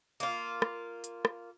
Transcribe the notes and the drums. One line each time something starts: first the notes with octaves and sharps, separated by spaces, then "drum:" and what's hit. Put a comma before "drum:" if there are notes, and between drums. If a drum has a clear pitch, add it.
A#3 F4, drum: hi-hat
drum: rim click
drum: hi-hat
drum: rim click